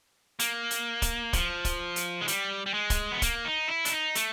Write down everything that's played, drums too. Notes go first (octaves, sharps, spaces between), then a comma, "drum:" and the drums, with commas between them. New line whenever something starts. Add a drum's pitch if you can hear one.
A#3, drum: hi-hat
drum: hi-hat
drum: kick, hi-hat
F3, drum: kick, hi-hat
drum: kick, hi-hat
drum: hi-hat
G#3
G3, drum: hi-hat
G3
G#3
drum: kick, hi-hat
B3
A#3, drum: kick, hi-hat
D#4
E4
D4, drum: hi-hat
D#4
A3, drum: hi-hat